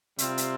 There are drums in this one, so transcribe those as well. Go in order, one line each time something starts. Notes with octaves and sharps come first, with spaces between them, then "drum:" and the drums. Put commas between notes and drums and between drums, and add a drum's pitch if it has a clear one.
C3 G3 C4 F4, drum: hi-hat
drum: hi-hat